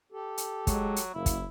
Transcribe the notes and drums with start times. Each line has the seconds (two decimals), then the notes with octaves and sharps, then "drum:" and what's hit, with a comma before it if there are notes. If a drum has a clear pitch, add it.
0.12 G4 A4
0.38 drum: hi-hat
0.67 F#3 G#3, drum: kick, hi-hat
0.96 drum: hi-hat
1.14 F#1 A#3 E4
1.26 drum: kick, hi-hat